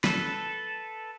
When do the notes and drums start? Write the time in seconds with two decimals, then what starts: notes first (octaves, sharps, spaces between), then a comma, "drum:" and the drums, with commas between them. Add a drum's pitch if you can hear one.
0.04 A4 B4, drum: snare